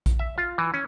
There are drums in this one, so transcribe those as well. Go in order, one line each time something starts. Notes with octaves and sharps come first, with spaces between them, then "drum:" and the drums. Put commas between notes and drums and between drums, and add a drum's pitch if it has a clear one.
drum: kick A#1, hi-hat
E5
F4
E3
C#4